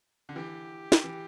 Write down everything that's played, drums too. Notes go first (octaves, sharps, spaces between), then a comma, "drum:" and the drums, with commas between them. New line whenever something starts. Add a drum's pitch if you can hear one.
D3
E3 G4
drum: snare
E3